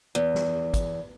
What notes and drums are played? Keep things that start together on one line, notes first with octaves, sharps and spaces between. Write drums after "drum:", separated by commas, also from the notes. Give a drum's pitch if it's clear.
E2
drum: snare
drum: kick, hi-hat